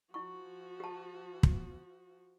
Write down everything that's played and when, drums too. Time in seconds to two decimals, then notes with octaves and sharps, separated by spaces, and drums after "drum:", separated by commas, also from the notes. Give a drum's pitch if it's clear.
0.14 F3 E4 F#4 C#6
0.80 G4 A5
1.43 drum: kick